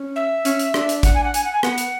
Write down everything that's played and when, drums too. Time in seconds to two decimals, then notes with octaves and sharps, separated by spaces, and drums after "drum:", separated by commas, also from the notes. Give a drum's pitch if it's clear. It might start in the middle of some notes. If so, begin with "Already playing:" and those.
Already playing: C#4
0.15 E5
0.45 C#4, drum: hi-hat
0.59 drum: hi-hat
0.74 D4, drum: rim click
0.89 drum: hi-hat
1.03 F#5, drum: kick, hi-hat
1.14 G#5
1.24 F#5
1.34 G#5, drum: hi-hat
1.44 F#5
1.53 G#5
1.63 B3 F#5, drum: rim click
1.78 drum: hi-hat